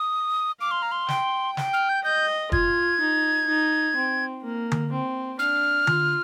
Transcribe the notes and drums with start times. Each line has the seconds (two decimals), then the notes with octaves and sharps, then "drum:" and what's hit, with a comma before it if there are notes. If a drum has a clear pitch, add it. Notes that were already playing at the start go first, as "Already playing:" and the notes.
Already playing: D#6
0.61 F5 D6
0.71 C6
0.82 A#5
0.92 C6
1.09 G5, drum: snare
1.57 G5, drum: snare
1.73 F6
1.89 G6
2.04 D#5 G6
2.52 F4 G#6, drum: kick
3.00 D#4
3.48 D#4
3.96 C4
4.43 A#3
4.72 drum: tom D3
4.92 C4
5.39 D4 F6
5.87 F4, drum: tom D3